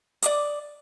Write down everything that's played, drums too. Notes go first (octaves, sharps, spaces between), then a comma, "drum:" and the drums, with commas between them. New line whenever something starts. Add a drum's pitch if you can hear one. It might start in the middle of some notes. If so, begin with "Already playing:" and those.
D5 D6 D#6, drum: hi-hat